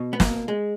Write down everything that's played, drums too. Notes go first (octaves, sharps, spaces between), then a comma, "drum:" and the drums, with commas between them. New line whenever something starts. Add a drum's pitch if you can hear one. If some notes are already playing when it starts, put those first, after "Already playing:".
Already playing: B2
B3
A#3, drum: snare
G#3